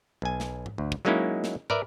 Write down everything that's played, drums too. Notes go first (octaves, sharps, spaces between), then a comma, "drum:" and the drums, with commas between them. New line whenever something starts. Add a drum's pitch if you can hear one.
B1 G#5
drum: snare
drum: tom G#2
D2
drum: kick
F#3 G#3 A#3 C#4 D#4 E4
drum: snare
A#4 B4 D5 E5, drum: tom